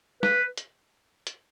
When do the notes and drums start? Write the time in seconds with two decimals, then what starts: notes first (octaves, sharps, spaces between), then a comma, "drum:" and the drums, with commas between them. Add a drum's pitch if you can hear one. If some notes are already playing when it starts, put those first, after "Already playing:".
0.23 B4, drum: snare
0.58 drum: hi-hat
1.27 drum: hi-hat